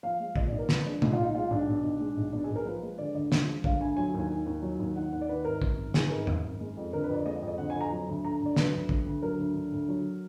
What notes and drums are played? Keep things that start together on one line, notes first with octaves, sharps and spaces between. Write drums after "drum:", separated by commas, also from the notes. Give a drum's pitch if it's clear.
F3 F5
G#3
A#2 D#5, drum: kick
B1 D5
A#4
F3 B3, drum: snare
G#3 D4
A#2 D#4, drum: tom
F4
B1 D#4
G#3 F4
B1 D4
B2
B1
G#3
B1
B2 D4
G#4
B1
A#4
F3 B4
G#3
D3 D5
D2 D#5
F3, drum: snare
G#3
D3 F5, drum: kick
D2 G#5
F#3 G#5
D#2
G#5
D#3
D#2
F#3
D#2
D#3 F#5
D#2 F#5
D5
D#3 B4
G#1 A#4
F#2, drum: kick
G#1
D#3 G#4, drum: snare
B4
G#1 A#4
F#2, drum: tom
G#1
G#3
F2
D3 A#4
B4
F2 D5
G#3 D#5
D#5
F2
D#5
D3 F#5
G#5
F2
A#5
F#3
D2
D3 A#5
D2
D5
F#3 B4, drum: snare
D2
D3, drum: kick
D2
F#3 A#4
D2
D3
D2
F#3